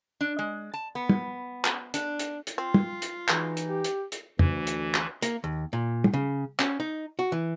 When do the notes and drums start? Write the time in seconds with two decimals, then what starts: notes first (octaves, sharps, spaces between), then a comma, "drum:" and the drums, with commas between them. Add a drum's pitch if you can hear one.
0.21 D4
0.39 G#3
0.74 A5
0.95 B3
1.09 drum: tom
1.64 drum: clap
1.94 D4, drum: hi-hat
2.19 drum: hi-hat
2.47 drum: hi-hat
2.58 C4 F4
2.74 drum: tom
3.02 drum: hi-hat
3.28 E3 F#3 G#3 D#4, drum: clap
3.57 drum: hi-hat
3.67 G4
3.84 drum: hi-hat
4.12 drum: hi-hat
4.39 D2 E3, drum: tom
4.67 drum: hi-hat
4.94 drum: clap
5.22 A#3, drum: hi-hat
5.44 D#2
5.73 A#2
6.04 drum: tom
6.14 C#3
6.59 C#4, drum: clap
6.80 D#4
7.19 F#4
7.32 E3